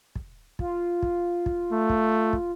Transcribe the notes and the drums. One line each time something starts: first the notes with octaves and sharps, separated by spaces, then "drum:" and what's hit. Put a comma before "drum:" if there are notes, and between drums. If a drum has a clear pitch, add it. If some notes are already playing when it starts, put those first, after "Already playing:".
drum: kick
F4, drum: kick
drum: kick
drum: kick
A3
drum: kick
drum: kick